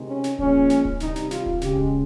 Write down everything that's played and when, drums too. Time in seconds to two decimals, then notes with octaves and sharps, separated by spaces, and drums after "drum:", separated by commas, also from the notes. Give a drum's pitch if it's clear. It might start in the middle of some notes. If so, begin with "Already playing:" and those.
Already playing: C3 D#3 G#3
0.08 C#4
0.24 drum: snare
0.39 A#2 F3 G#3 C#4, drum: kick D1
0.70 drum: snare
0.85 drum: kick D1
1.00 C3 D#3 G3 D#4, drum: snare
1.16 drum: snare
1.31 F4, drum: snare
1.46 drum: kick D1
1.61 C#3 G#3 G4, drum: snare
1.77 drum: kick D1